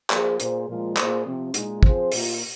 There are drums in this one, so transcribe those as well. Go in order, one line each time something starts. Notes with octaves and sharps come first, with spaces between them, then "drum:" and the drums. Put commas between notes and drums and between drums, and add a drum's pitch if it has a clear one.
F3 A#3 G#4 C5, drum: clap
A#2 A#3 G#4 C5, drum: hi-hat
A#2 F3 G#3 F4 A#4
A#2 A#3 F4 G#4 C5, drum: clap
C3 F3 C4
A#2 G#3 D#4, drum: hi-hat
F3 C4 G#4 C5, drum: kick
A#2 A#3 F4, drum: open hi-hat